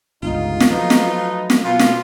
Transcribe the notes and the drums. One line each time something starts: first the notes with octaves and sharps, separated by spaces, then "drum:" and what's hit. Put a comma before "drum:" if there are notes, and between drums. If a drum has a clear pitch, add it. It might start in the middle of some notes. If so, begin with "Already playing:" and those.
G1 C#2 D#4 F4
drum: snare
F3 F#3 A3 D#4 B4
drum: snare
drum: snare
B2 F4
drum: snare